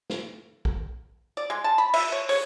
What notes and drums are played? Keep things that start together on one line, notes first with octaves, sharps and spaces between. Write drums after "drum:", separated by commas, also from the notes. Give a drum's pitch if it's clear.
drum: snare
drum: kick
D5
G#3
A5
B5
E5, drum: cymbal
C#5
C#5, drum: open hi-hat